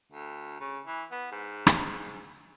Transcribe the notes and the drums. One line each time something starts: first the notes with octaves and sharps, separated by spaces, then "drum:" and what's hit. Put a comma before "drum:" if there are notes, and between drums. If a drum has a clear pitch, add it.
D2
C#3
E3
B3
G#2
drum: rim click